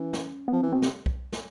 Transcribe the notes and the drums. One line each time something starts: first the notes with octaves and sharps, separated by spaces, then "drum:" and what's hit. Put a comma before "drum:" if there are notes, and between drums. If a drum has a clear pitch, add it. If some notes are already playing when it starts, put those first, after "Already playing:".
Already playing: E3 C#4
drum: snare
B3
F3 C4
E3
B2 C4
C3, drum: snare
drum: kick B1
drum: snare